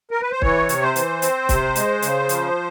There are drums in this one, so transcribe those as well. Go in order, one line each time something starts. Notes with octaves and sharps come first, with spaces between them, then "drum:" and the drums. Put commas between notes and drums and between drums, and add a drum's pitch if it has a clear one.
A#4
B4
C5
E3 C#5, drum: kick
C3, drum: hi-hat
C5
E3, drum: hi-hat
C4, drum: hi-hat
C3, drum: kick, hi-hat
G#3, drum: hi-hat
C#3, drum: hi-hat
F3, drum: hi-hat